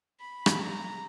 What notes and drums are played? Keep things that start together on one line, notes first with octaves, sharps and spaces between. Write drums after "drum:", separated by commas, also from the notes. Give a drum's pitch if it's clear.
B5
drum: rim click
A#5